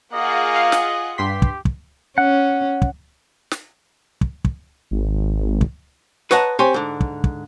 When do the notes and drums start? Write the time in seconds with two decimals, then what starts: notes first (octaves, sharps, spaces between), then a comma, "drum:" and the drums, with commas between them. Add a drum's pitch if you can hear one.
0.13 A#3 F4 G#4 D#5 F#5
0.56 F5
0.72 drum: snare
1.18 G2 G4 C6 B6
1.42 drum: kick
1.65 drum: kick
2.18 C#4 F#5
2.82 drum: kick
3.51 drum: snare
4.21 drum: kick
4.45 drum: kick
4.91 G#1
5.61 drum: kick
6.31 B4 C#5 D#5 F#5 A5 A#5, drum: snare
6.59 C4 G4 C#5 G#5 C6
6.74 G#2 D3
7.01 drum: kick
7.24 drum: kick